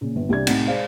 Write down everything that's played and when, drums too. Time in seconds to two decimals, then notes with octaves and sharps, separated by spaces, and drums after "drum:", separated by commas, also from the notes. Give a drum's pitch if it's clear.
0.01 A#2 C#3
0.16 G1
0.29 C2 G3 D4 D5 G#6
0.47 A2 C3 C4 D#4 F#5, drum: cymbal
0.67 G#3 C5 D5 F5